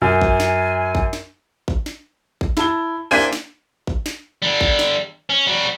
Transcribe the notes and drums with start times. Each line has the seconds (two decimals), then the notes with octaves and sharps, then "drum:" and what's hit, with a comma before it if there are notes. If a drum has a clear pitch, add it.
0.02 F#2 G#5
0.21 drum: kick A1
0.40 drum: snare
0.95 drum: kick A1
1.13 drum: snare
1.68 drum: kick A1
1.86 drum: snare
2.41 drum: kick A1
2.57 E4 A5 G7, drum: snare
3.11 A#3 D4 E4 C5 G5 G#5 B6 D#7
3.33 drum: snare
3.87 drum: kick A1
4.06 drum: snare
4.42 D3 G3
4.61 drum: kick A1
4.79 drum: snare
5.30 C#4
5.47 G3 F#4